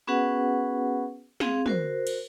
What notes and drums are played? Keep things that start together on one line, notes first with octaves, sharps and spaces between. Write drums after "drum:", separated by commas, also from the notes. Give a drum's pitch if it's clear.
B3 C#4 F#4 G#4 B4 F#5
C4 G#4 F5, drum: snare
F#4 A#4 C5, drum: tom
drum: cymbal